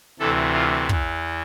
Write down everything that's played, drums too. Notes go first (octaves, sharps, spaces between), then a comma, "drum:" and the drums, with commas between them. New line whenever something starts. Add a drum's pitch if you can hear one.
D2 C3 E3 A4
F4
E2 E3, drum: kick